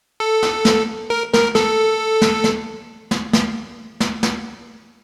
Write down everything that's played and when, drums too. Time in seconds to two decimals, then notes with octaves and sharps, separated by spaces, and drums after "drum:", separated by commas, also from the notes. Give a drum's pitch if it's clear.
0.20 A4
0.43 drum: snare
0.65 drum: snare
1.10 A#4
1.34 A#4, drum: snare
1.55 A4, drum: snare
2.22 drum: snare
2.44 drum: snare
3.11 drum: snare
3.33 drum: snare
4.00 drum: snare
4.23 drum: snare